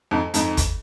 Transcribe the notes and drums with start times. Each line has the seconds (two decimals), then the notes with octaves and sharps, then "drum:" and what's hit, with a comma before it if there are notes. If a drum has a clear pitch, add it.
0.11 F2 G#2
0.34 F2 G#2, drum: hi-hat
0.57 drum: kick, hi-hat